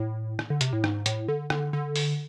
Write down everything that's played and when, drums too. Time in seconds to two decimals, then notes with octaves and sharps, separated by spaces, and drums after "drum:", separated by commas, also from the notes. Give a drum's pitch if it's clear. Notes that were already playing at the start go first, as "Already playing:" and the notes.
Already playing: A2
0.39 drum: rim click
0.50 D3
0.61 C3, drum: hi-hat
0.73 A2
0.84 G#2, drum: rim click
1.06 A2, drum: hi-hat
1.28 D3
1.50 D3, drum: rim click
1.73 D3
1.96 drum: open hi-hat